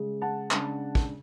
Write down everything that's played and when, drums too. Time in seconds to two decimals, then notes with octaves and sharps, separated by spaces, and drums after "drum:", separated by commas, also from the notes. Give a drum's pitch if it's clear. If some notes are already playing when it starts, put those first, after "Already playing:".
Already playing: C#3 G#3 C#4
0.22 F#5 A5
0.51 C#3 G#3 D4, drum: clap
0.95 drum: kick